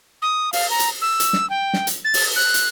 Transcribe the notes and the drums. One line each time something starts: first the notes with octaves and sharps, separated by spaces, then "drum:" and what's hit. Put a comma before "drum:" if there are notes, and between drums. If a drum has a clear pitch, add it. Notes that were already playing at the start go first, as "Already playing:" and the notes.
D#6
F5, drum: open hi-hat
A#5
drum: hi-hat
E6
drum: hi-hat
drum: snare
G5
drum: snare
drum: hi-hat
A6
drum: open hi-hat
F#6
drum: hi-hat